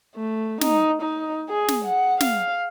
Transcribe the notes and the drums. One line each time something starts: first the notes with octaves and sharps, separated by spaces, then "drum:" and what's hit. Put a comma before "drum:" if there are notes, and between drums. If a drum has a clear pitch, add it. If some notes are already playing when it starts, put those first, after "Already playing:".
A3
D#4, drum: snare
D#4
G#4
drum: snare
F#5
F5, drum: snare